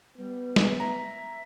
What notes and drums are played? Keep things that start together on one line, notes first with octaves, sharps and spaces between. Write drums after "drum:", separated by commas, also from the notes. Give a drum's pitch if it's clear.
G3 B3
drum: snare
E5 A#5